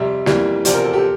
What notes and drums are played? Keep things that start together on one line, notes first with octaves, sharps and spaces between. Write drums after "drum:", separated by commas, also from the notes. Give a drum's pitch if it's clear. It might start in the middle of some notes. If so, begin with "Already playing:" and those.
Already playing: F2 C3 G3 E5
F2 E3 G3 A#3, drum: snare
E2 C3 F3 C4 D5, drum: hi-hat
A#4
A4
G4